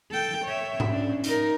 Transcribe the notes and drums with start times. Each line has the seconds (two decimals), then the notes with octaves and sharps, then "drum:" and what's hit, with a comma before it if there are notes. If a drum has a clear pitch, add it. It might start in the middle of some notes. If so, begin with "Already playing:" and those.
0.11 A4 G5
0.44 C#5 E5
0.80 drum: tom G#2
0.89 C#4 D4
1.24 D#4 A#4, drum: hi-hat